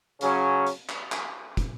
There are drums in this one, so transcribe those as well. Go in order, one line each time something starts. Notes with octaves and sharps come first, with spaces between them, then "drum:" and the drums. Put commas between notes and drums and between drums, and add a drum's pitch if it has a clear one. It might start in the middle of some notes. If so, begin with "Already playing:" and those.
C#3 F#3 C#4, drum: hi-hat
drum: hi-hat
drum: clap
drum: clap
drum: kick, hi-hat